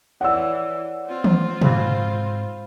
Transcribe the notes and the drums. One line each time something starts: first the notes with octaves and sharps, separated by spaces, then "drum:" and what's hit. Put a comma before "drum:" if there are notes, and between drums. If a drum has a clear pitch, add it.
E3 C#5 D5 F#5 E6
C4 F4
drum: tom
C#2 G#2 C5 F5 B5, drum: tom